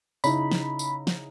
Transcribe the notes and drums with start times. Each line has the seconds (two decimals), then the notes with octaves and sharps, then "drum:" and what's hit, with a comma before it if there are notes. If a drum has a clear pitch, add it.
0.24 C#3 D#4 E4 B5, drum: tambourine
0.51 drum: snare
0.79 drum: tambourine
1.07 drum: snare